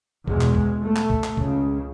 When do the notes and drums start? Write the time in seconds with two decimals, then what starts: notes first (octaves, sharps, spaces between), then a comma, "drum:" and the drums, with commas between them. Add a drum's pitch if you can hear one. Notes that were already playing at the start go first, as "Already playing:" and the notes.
0.28 E2 B2 G#3, drum: kick
0.41 drum: clap
0.55 drum: kick
0.83 A3
0.96 drum: clap
1.10 drum: kick
1.24 drum: clap
1.37 C#2 C#3, drum: kick